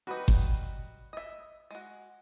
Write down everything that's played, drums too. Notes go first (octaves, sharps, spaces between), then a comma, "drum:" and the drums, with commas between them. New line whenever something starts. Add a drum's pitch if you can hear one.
G3 D#4 F#4 B4
drum: kick G1
D#5 E5
G#3 F#4